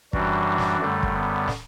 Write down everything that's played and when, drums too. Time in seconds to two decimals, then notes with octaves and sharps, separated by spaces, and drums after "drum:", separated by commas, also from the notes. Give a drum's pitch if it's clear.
0.13 F#2 E3 G3 D4 F#4, drum: kick
0.58 drum: snare
0.81 F#2 D3 G3 A3
1.03 drum: kick
1.14 B3
1.48 drum: snare